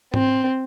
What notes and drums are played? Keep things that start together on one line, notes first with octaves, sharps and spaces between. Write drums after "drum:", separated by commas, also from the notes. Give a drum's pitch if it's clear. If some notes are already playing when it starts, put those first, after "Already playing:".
C4, drum: tom G#2